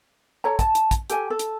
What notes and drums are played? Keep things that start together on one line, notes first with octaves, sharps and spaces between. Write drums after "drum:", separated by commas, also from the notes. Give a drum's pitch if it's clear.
A4 C#5 A#5
A5, drum: kick, hi-hat
drum: hi-hat
drum: kick, hi-hat
G4 A4 G#5, drum: hi-hat
A4
drum: hi-hat